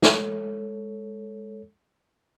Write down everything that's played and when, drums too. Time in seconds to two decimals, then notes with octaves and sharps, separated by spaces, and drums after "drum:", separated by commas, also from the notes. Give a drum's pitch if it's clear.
0.02 G#3 A4 C#5, drum: snare